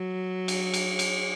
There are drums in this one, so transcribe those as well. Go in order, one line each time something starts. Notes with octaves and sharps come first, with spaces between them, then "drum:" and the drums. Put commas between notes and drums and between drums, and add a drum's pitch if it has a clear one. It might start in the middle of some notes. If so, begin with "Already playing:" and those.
Already playing: F#3
drum: cymbal
drum: cymbal
drum: cymbal